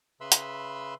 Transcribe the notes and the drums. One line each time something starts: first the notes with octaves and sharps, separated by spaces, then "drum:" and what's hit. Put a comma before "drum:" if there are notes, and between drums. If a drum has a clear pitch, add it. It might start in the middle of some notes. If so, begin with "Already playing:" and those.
C#3 B4 E5 B5 C6 E6
drum: hi-hat